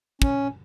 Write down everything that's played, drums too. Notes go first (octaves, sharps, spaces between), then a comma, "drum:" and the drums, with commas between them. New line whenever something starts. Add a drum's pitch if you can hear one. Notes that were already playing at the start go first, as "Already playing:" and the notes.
C#4, drum: kick